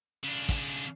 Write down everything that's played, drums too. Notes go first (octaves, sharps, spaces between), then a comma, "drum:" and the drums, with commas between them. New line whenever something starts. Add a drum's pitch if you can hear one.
C#3 D4
drum: kick, hi-hat